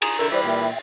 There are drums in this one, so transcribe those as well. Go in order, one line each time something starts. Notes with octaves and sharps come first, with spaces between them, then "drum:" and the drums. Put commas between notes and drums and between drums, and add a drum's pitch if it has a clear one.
G#4 A#5, drum: cymbal
D3 E3 E4 A#4 E5
E3 G3 C5 D5 B5
A#2 E5 G5